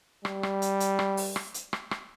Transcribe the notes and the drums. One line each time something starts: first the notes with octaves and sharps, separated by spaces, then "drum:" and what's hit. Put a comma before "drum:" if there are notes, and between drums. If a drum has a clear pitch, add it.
G3, drum: rim click
drum: rim click
drum: hi-hat
drum: hi-hat
drum: rim click
drum: open hi-hat
drum: rim click
drum: hi-hat
drum: rim click
drum: rim click